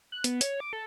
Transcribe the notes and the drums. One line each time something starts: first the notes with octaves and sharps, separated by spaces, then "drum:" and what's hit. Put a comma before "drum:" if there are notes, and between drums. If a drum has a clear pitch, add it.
F#6
B3, drum: hi-hat
C#5, drum: hi-hat
D6
A4